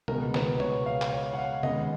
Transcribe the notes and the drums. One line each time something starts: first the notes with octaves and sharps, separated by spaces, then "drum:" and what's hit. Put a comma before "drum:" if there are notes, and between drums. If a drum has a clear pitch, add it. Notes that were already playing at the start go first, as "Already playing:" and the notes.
C#2 B2 G#3 B3 A#4, drum: tom B2
B4, drum: snare
C#5, drum: tom B2
F5
drum: clap
C#5
F#5
F5
D#2 C#3 G#3 B3 D#5, drum: tom C3